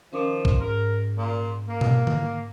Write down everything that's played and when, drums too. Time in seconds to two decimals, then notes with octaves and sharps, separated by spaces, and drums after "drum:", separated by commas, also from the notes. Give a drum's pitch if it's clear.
0.13 D#3 F3 C#4 A#4 D6
0.45 drum: kick
0.61 G#2 A#4
1.18 A#2
1.68 A#3
1.81 drum: tom B2
2.07 drum: tom